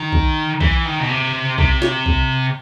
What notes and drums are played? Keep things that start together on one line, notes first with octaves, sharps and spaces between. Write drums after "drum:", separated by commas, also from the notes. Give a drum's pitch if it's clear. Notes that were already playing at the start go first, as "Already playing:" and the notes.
Already playing: D#3
drum: kick B1
E3, drum: kick B1
D#3
B2
C3
C3, drum: kick B1
drum: snare
drum: kick B1